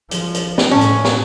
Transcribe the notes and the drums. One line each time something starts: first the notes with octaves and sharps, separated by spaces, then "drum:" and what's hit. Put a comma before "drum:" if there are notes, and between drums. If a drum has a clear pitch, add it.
F3, drum: hi-hat
drum: hi-hat
drum: snare
A2 C#4
drum: hi-hat
drum: snare